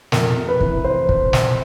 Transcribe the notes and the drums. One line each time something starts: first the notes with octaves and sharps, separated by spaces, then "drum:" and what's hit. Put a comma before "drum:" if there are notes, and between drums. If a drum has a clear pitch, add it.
F2 A#4, drum: snare
C3
B4
E3, drum: kick
C5
drum: kick
drum: snare